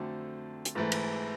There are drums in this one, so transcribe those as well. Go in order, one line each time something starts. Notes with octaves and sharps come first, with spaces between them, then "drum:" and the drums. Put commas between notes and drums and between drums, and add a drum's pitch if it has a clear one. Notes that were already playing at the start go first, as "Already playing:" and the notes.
Already playing: F2 D3 F#3 A3 C4
drum: hi-hat
G#2 E3 A3
drum: cymbal